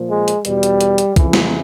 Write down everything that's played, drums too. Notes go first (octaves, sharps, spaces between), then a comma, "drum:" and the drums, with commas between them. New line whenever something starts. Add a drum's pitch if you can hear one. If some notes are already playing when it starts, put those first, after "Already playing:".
Already playing: A#2 F3
G#3
drum: hi-hat
E2 B2 G3, drum: hi-hat
drum: hi-hat
drum: hi-hat
drum: hi-hat
F2 C#3 E3, drum: kick, hi-hat
drum: snare